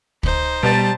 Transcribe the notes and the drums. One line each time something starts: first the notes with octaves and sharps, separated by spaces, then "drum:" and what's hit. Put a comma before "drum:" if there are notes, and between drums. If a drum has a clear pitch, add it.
D#4 C5, drum: kick
B2 G3 A5